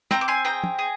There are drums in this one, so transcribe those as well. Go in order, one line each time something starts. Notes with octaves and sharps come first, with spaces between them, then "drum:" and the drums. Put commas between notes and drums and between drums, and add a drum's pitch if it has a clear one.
C4 G5 A#5, drum: snare
D6
G#5 C6
G#4 G5 A#5
drum: tom
G#4